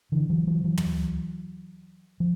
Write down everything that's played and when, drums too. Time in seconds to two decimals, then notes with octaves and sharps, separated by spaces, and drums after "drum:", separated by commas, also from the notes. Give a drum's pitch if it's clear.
0.12 D3 E3
0.30 E3 F#3
0.47 E3 F#3
0.64 E3 F#3
0.77 drum: tom
2.20 F3